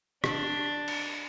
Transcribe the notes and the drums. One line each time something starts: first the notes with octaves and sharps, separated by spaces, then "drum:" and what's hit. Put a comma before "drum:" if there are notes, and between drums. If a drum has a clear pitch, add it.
D4, drum: rim click
drum: cymbal